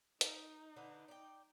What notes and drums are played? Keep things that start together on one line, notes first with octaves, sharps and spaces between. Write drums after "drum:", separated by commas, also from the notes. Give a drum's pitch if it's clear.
D#4, drum: hi-hat
D3 D4 B4
D5 G5